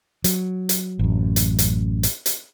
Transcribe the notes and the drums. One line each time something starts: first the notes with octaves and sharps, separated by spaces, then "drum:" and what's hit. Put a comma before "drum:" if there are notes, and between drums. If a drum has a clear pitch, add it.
F#3, drum: hi-hat
drum: hi-hat
A1 F#2
drum: hi-hat
drum: hi-hat
drum: hi-hat
drum: hi-hat